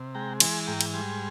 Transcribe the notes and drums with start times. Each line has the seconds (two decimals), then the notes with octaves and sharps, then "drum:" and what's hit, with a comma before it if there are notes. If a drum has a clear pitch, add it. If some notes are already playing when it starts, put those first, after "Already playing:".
Already playing: C3
0.15 G#3 G5 A#5
0.40 E3 G#5 C6, drum: cymbal
0.67 G#2 G5 A#5
0.81 drum: cymbal
0.94 G3 G#5 C6